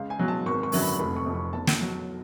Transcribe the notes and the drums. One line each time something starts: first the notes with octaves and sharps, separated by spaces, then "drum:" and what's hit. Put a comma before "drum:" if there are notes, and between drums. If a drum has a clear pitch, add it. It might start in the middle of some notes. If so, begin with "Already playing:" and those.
Already playing: C#2 F5
G#5
B2 F#3
A5
G#1 C#6
C#6
F#2 D3 F#3, drum: open hi-hat
B5
F1 B5
C#6
F2 F3
C#6
B1 A5
drum: snare
B2 F#3